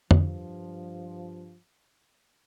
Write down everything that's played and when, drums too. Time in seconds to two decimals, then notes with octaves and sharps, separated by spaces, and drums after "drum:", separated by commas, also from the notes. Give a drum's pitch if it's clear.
0.11 G2 F3, drum: tom F2